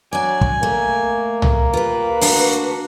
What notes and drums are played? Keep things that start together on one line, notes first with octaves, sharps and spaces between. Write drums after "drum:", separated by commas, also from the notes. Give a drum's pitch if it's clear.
F#3 D4 D5 G#5
drum: kick
A3 A#3
drum: tom C2
F4 G4 B4
D2 D4 F#4 A5, drum: open hi-hat